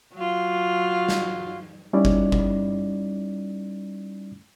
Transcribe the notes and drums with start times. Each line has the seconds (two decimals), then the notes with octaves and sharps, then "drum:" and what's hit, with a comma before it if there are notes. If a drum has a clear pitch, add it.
0.14 F#3 F4
1.09 drum: snare
1.93 G3 C#4 D#4 E4 D5
2.05 drum: kick F#1
2.32 drum: kick F#1